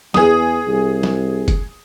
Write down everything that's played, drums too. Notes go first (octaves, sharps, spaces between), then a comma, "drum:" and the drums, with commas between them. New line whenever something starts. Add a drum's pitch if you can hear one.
E2 G#4 D#6, drum: snare
C2
drum: snare
drum: kick F#1, hi-hat